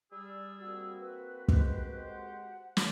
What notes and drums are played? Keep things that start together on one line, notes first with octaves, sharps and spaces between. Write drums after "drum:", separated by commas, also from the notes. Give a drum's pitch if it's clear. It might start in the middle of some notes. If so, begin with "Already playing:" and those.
G3 G#4 D5 E6
A#3 C4 F#4
B4
G#3 G4 C5, drum: kick
F#5
drum: snare